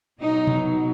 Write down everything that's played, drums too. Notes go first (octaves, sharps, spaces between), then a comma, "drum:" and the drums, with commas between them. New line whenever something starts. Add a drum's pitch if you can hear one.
B2 F#3 D#4
drum: tom B2